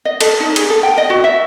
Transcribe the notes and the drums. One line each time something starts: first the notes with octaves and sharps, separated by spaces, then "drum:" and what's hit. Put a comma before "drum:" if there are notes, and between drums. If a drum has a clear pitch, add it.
D#5
A4, drum: cymbal
D#4
G#4, drum: cymbal
A4
G5
D#5
F#4
E5